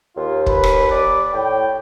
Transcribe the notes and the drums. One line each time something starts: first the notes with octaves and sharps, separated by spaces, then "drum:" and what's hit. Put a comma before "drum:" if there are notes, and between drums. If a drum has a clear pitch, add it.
D#2 F4
B4, drum: kick
drum: rim click
D5
A2 G5